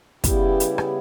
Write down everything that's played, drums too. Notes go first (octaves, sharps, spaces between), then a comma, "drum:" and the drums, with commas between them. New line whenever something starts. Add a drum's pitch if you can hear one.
C#3 G3 B3 E4 G4, drum: kick, hi-hat
drum: hi-hat
drum: rim click